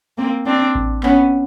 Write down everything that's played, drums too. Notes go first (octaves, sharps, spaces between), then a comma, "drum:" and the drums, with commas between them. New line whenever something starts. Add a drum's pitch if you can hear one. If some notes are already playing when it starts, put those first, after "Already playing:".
A#3 C4
C4 D4
drum: kick A1
B3 C#4, drum: clap